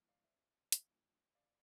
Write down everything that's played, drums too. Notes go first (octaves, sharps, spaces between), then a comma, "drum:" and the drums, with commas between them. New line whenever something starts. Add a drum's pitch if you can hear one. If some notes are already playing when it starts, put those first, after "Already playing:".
Already playing: E3 G3 A#3 E4
D5 F5
C5 E5
drum: hi-hat
G3 A#3 D4 F4
D5 F5